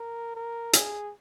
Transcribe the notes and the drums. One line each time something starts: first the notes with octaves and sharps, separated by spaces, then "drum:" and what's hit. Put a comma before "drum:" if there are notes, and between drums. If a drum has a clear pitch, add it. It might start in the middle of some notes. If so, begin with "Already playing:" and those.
Already playing: A#4
A#4
G#4, drum: hi-hat